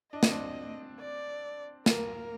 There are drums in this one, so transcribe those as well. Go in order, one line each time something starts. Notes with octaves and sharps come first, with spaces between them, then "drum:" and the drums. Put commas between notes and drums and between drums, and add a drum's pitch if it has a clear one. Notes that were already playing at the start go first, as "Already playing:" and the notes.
D4 D#5
C4, drum: snare
D4
D5
A#3 A#4, drum: snare